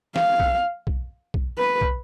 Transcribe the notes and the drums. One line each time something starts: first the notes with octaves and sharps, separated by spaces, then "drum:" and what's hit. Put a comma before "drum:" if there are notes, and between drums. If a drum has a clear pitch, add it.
F5, drum: snare E3
drum: kick
drum: kick
drum: kick
B4
drum: kick